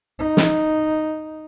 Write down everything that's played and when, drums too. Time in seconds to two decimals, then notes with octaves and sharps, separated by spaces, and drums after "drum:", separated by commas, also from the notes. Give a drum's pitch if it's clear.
0.19 D#4
0.37 drum: snare